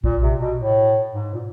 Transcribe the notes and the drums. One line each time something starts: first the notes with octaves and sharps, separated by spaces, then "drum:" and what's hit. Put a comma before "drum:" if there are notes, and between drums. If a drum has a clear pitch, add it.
A#2, drum: kick A#1
C3
B2
A2
G#2
A#2